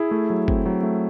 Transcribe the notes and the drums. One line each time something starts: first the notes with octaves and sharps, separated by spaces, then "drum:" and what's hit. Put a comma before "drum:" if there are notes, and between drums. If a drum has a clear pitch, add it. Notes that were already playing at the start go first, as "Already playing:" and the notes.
Already playing: E4 G#4
A3
F#3
C4, drum: kick
F#3
A3